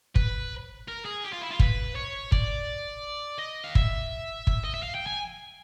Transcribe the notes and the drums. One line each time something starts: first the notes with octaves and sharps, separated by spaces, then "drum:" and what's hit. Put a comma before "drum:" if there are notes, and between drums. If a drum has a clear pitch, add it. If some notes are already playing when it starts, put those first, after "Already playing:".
B4, drum: kick
A#4
G#4
G4
F4
E4
F4
B4, drum: kick
C#5
D5, drum: kick
D#5
F5
E5, drum: kick
drum: kick
D#5
E5
F5
G5
G#5